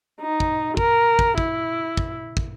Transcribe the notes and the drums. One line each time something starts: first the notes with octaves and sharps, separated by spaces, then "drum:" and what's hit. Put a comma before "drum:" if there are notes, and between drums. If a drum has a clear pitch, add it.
D#4
drum: kick
A#4, drum: kick
drum: kick
E4, drum: kick
drum: kick
drum: kick